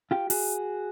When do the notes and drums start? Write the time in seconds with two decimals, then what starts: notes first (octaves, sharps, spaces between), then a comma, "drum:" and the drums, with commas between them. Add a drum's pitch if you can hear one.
0.11 F4 G4
0.30 F#4 G#4, drum: open hi-hat